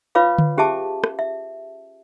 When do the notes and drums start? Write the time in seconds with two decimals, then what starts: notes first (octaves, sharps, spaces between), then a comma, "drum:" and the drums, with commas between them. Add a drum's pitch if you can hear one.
0.15 F4 B4 C#5 F5 D6
0.38 drum: tom D3
0.57 C#4 G4 G#4 E5 A5 D6
1.04 drum: rim click
1.19 E5